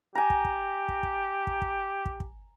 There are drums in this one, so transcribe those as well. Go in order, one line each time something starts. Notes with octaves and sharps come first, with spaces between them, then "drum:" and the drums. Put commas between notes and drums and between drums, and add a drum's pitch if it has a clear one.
G4 G#5 A#5
drum: kick
drum: kick
drum: kick
drum: kick
drum: kick
drum: kick
drum: kick
drum: kick